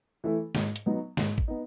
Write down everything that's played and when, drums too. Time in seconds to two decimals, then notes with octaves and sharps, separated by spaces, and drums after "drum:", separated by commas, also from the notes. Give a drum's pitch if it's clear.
0.24 E3 A3 E4 A4
0.55 G#2, drum: snare
0.76 drum: hi-hat
0.86 F#3 B3 D#4
1.17 G#2, drum: snare
1.38 drum: kick
1.48 B3 D#4